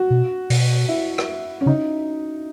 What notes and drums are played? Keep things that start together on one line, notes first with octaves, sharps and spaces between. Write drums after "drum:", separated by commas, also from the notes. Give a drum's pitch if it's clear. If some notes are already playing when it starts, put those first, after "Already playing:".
Already playing: F#4
B2
B2, drum: open hi-hat
E4
drum: rim click
C#4
C#3 D#4